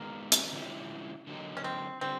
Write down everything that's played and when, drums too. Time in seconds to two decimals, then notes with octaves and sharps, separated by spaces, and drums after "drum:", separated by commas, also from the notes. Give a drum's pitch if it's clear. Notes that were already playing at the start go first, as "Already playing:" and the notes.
Already playing: D#3 G#3 A#3 B3
0.32 drum: hi-hat
0.53 D3 F3 G#3 C#4 E4
1.27 D3 F#3 A#3 D#4
1.57 C#4
1.64 C4
2.01 D3 G3 C4